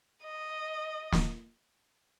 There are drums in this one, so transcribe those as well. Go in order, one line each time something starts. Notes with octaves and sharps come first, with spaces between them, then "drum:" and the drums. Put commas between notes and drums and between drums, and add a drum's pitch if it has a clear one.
D#5
drum: snare